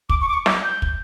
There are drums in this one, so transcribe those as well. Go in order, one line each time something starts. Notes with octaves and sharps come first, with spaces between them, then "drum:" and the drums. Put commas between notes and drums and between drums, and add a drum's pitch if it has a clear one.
D6, drum: kick
C#6
D6
C#6
D6, drum: snare
G6
drum: kick